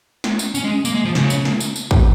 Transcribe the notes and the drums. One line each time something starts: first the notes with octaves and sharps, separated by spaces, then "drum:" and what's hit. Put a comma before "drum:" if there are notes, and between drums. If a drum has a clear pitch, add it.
drum: snare
drum: tambourine
C#4, drum: tambourine
G#3
A#3, drum: tambourine
G#3
F3
C#3, drum: snare
drum: tambourine
drum: snare
drum: tambourine
drum: tambourine
drum: kick